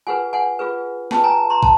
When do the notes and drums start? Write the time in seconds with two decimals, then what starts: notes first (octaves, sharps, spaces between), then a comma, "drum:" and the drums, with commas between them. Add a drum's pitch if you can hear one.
0.07 F4 G#4 B4 F#5 G#5
0.33 F#5 G#5
0.59 F4 G#4 B4
1.11 F4 G#4 B4 G5 A5, drum: snare
1.24 G#5 A#5
1.50 A#5 C6
1.63 A5, drum: kick